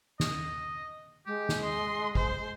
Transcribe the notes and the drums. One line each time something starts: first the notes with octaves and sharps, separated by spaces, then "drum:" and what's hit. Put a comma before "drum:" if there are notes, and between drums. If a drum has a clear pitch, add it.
D#5, drum: snare
G#3 G4
drum: snare
D#5 C6
C5, drum: kick